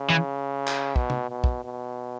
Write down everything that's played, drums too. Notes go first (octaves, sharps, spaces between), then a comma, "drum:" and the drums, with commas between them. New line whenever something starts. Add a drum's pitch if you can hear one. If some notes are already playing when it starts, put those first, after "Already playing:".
Already playing: C#3
E3
drum: clap
B2, drum: kick
drum: tom
B2
drum: kick
B2